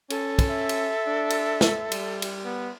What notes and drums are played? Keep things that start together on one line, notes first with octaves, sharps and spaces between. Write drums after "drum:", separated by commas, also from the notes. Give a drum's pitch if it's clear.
C#4 A4, drum: cymbal
drum: kick, cymbal
E5
drum: cymbal
D4
drum: cymbal
drum: snare
G3, drum: cymbal
drum: cymbal
B3